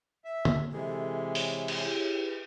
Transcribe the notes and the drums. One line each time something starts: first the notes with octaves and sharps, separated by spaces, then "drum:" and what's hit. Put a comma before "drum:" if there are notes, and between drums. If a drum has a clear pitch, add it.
E5
drum: tom D3
C3 E3 G#3 A4
C#5, drum: open hi-hat
drum: cymbal
E4 G4 G#4
B4